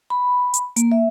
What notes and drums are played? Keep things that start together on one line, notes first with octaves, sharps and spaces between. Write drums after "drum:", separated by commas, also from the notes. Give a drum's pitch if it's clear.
B5
drum: hi-hat
A#3, drum: hi-hat
E5